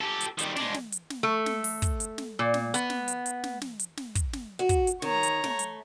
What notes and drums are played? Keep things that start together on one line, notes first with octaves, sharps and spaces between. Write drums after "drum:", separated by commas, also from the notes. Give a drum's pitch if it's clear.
G4 A4
drum: hi-hat
D#3 G3, drum: hi-hat
G#3 D4, drum: snare
drum: snare
drum: hi-hat
drum: snare
A3
drum: snare
drum: open hi-hat
drum: kick, hi-hat
drum: hi-hat
drum: snare
A#2
drum: snare
B3, drum: hi-hat
drum: snare
drum: hi-hat
drum: hi-hat
drum: snare
drum: snare
drum: hi-hat
drum: snare
drum: kick, hi-hat
drum: snare
F#4
drum: kick, hi-hat
drum: hi-hat
D#3 C#5 A#5, drum: snare
drum: hi-hat
A3, drum: snare
drum: hi-hat